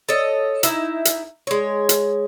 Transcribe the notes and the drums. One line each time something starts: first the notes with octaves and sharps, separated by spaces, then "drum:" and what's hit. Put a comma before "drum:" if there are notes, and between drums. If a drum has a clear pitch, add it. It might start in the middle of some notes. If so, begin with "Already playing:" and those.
A4 C#5 D#5
D#4 E4, drum: hi-hat
drum: hi-hat
G#3 C#5
drum: hi-hat